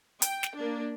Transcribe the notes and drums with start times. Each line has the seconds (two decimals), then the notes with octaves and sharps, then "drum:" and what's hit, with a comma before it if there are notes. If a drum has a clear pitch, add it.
0.22 G5, drum: hi-hat
0.43 drum: snare
0.56 A#3 D4